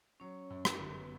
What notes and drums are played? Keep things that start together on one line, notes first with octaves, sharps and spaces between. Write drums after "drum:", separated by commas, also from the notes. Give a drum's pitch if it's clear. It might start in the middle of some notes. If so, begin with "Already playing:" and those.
F#3 C#4 C#5
F#2
B4, drum: rim click
A#4
G1 B3 B4